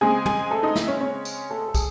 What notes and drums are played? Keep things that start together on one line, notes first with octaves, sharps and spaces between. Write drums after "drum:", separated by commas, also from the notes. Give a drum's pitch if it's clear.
C#3 G#3 C4 G#4 G#5
G#4 G#5, drum: tom
A3 A4
D#4 D#5
E4 E5, drum: snare
C#4 C#5
C#4 C#5
drum: tambourine
A3 A4
A4
G#4, drum: kick, tambourine